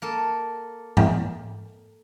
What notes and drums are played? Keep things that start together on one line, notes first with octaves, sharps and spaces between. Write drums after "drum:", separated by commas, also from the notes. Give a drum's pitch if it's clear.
A#3 A4
drum: tom G#2